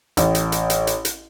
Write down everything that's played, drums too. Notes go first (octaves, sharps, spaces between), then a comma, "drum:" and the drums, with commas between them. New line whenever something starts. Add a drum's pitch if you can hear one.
A1, drum: hi-hat
drum: hi-hat
drum: hi-hat
drum: hi-hat
drum: hi-hat
drum: hi-hat